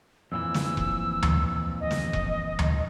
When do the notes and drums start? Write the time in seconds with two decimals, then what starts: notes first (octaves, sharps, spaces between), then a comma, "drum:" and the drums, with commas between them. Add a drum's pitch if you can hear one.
0.32 F2 A#2 E3 E6
0.54 drum: snare
0.77 drum: kick E1
1.22 drum: tom D2
1.80 D#5
1.91 drum: snare
2.13 drum: kick E1
2.59 drum: tom D2